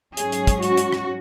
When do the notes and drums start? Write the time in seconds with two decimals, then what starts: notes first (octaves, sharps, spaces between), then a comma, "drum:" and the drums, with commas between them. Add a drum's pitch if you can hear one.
0.17 G#2 F#3 C#4 G#4, drum: hi-hat
0.32 drum: hi-hat
0.47 drum: kick, hi-hat
0.62 F#4, drum: hi-hat
0.77 drum: hi-hat
0.92 drum: rim click